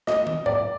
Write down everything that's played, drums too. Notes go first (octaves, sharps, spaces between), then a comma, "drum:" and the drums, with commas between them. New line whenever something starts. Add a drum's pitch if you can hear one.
D#5, drum: snare
drum: tom
D5, drum: tom G#2